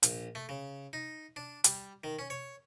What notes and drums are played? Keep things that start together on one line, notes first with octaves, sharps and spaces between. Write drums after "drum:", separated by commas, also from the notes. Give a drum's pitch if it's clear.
A#1, drum: hi-hat
A3
C#3
D#4
D4
G3, drum: hi-hat
D#3
C#4
C#5